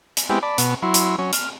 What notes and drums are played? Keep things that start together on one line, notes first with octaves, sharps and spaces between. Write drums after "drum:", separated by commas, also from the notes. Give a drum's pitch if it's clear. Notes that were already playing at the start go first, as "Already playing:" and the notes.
drum: hi-hat
G#3 B3 C4 E4 G4
D5 A5 B5
B2 B3, drum: hi-hat
F#3 E4 B5 C6
drum: hi-hat
F#3 C#4
F6, drum: hi-hat